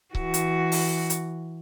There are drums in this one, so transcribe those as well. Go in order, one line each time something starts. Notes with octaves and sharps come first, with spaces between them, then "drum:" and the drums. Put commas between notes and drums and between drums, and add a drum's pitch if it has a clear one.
E3 F#4, drum: kick C#1
drum: hi-hat
drum: open hi-hat
drum: hi-hat